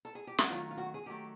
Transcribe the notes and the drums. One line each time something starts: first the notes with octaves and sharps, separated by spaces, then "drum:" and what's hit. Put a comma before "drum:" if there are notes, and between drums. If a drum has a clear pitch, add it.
A4
G#4
G4
F#4, drum: snare
F#2 D#3 F#3 A3 F4
F4
F#4
G#4
F#2 D#3 F#3 A3 G4